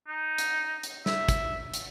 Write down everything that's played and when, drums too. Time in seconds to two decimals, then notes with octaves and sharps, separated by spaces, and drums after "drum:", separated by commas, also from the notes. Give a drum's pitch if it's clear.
0.08 D#4
0.38 drum: hi-hat
0.83 drum: hi-hat
1.06 E5, drum: snare
1.28 drum: kick, hi-hat
1.74 drum: hi-hat